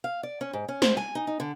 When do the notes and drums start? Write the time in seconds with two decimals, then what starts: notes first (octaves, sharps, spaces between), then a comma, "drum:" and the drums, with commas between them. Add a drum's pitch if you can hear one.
0.04 F5
0.23 D5
0.41 C#4
0.53 G#2
0.68 C#4
0.82 C5, drum: snare
0.97 G#5
1.15 D#4
1.27 D#4
1.40 D3